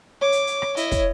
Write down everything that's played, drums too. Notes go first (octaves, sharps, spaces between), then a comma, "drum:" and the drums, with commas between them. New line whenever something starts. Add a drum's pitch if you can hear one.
C#5 D6
drum: hi-hat
drum: hi-hat
drum: rim click
E4 D#5, drum: hi-hat
drum: kick, hi-hat